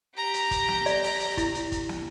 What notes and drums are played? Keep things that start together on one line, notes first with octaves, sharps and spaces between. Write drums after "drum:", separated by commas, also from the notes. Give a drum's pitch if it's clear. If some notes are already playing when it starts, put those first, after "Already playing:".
G4 A#5
drum: hi-hat
drum: kick, hi-hat
drum: snare
D5, drum: hi-hat
drum: open hi-hat
drum: hi-hat
E4, drum: kick, hi-hat
drum: hi-hat
drum: kick, hi-hat
drum: snare